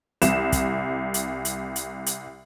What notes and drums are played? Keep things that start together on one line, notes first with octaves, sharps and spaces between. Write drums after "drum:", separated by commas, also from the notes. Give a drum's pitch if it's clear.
C2 E7, drum: hi-hat
drum: kick, hi-hat
drum: hi-hat
drum: hi-hat
drum: hi-hat
drum: hi-hat